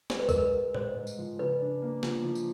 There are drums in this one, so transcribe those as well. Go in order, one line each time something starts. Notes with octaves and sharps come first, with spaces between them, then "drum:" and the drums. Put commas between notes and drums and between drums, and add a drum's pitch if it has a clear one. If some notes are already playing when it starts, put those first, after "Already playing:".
G#3 C5, drum: snare
B4
G#2 A#4, drum: kick C2, tambourine
B4
G#2
G#2 C5, drum: tom A2
G#2
drum: tambourine
F3
C#3 B4
D4
A#3
F3, drum: snare
F3
drum: tambourine